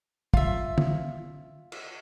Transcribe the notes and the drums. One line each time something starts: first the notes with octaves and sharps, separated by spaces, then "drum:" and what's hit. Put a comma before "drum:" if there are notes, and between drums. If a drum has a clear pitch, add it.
F4 E5, drum: kick
drum: tom
drum: cymbal